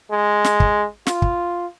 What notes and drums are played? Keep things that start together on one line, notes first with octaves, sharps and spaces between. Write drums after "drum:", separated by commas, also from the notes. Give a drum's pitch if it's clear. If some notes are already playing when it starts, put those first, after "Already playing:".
G#3
drum: snare
drum: kick
F4, drum: snare
drum: kick